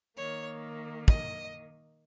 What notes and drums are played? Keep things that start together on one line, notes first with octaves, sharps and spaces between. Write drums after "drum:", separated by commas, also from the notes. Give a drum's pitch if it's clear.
D#3 A#3 C#5
D#5, drum: kick